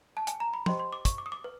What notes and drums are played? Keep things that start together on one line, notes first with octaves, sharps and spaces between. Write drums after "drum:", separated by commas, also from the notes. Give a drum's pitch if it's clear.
A5
G#5, drum: hi-hat
A#5
B5
G4 C5 D#5 G5 C6, drum: tom
C6
D6
C#6, drum: kick, hi-hat
D6
D#6
D6
B4